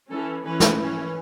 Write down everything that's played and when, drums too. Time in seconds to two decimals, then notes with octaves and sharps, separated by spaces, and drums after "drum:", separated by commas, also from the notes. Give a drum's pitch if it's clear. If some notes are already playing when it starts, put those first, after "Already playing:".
0.10 E3 C#4 A4
0.44 E3 C#4 B4
0.60 drum: snare
0.77 E3 C#4